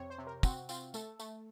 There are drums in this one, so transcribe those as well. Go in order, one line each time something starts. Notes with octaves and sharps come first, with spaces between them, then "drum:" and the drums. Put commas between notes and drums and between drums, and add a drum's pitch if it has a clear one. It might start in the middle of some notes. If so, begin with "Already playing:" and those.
Already playing: F2 C3 C#5
C5
C3
A#4
C4 F#4, drum: kick, tambourine
C4 F4, drum: tambourine
A3 A4, drum: tambourine
A3, drum: tambourine